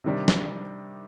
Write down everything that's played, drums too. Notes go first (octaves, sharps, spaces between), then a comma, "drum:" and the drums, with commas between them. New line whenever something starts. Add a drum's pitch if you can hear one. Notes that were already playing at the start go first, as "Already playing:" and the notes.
C3 D#3 G3 D4
drum: snare